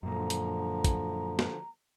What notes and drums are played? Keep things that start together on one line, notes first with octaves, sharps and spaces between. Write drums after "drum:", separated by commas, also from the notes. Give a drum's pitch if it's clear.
F#2 A#2 D3 F3 A#5
drum: hi-hat
drum: kick, hi-hat
drum: snare